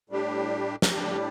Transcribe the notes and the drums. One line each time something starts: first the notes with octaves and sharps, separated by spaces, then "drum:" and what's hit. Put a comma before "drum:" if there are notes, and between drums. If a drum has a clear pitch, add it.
A2 G3 D4 G4
drum: snare
A2 G3 D4 G4